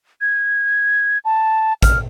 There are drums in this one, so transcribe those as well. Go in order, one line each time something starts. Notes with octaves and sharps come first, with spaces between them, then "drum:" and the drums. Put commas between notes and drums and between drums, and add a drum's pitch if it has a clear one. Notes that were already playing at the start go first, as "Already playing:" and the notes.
G#6
A5
F6, drum: kick A1, hi-hat